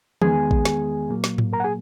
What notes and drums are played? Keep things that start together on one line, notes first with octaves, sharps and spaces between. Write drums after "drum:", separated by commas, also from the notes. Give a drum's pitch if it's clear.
E2 D#3 G#3 B3 G#4 G#5, drum: tom E3
drum: kick A1
drum: snare
A#2 F#3 A#3
drum: snare
drum: tom G#2
A#4 A#5
F#5
G#4 G#5